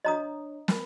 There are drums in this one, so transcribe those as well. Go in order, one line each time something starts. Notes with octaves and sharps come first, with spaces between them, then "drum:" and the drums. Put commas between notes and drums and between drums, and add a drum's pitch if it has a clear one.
D4 C#5 D#5 A#5 D#6
A#4 B5, drum: snare